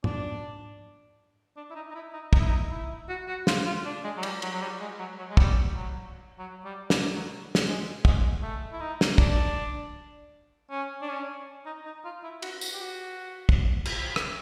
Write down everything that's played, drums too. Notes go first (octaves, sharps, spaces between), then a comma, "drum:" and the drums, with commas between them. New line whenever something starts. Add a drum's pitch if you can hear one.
D4, drum: tom G#2
D4
E4
D#4
D#4
E4
D#4
D#4, drum: kick
E4
D#4
E4
F#4
F#4
F4, drum: snare
F4
D4
G#3
F#3
G3, drum: cymbal
F#3, drum: cymbal
F#3
G3
G#3
F#3
F#3
G#3
G3, drum: kick
F#3
F#3
G3
G3, drum: snare
F#3
drum: snare
G#3
G#3, drum: kick
A3
E4
D#4
drum: snare
D4, drum: kick
C#4
D4
C#4
D#4
D#4
F4
E4
F#4, drum: cymbal
F#4, drum: tambourine
G4
F#4
drum: kick
drum: cymbal
drum: rim click